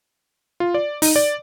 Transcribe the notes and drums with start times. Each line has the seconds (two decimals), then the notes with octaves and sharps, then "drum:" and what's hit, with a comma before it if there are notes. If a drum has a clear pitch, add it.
0.60 F4
0.74 D5
1.02 D#4, drum: open hi-hat
1.16 D5